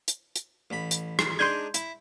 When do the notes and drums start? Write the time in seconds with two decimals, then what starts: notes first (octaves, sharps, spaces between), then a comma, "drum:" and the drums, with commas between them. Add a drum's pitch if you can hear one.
0.08 drum: hi-hat
0.36 drum: hi-hat
0.70 A1 B5
0.91 drum: hi-hat
1.19 drum: rim click
1.39 G#3 D4 D#4 C6 G6 G#6
1.74 E4, drum: hi-hat